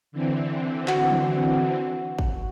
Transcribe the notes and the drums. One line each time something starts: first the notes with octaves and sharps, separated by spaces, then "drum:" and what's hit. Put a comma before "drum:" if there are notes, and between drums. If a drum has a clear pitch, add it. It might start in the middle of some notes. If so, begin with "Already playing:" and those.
D3 E3 C4
F#4, drum: clap
drum: tom
drum: kick